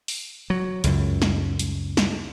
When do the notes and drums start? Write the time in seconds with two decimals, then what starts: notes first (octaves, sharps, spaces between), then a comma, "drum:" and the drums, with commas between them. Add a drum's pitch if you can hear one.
0.08 drum: open hi-hat
0.50 F#3
0.84 C#2 F#2, drum: hi-hat
1.22 drum: snare
1.59 drum: hi-hat
1.97 drum: snare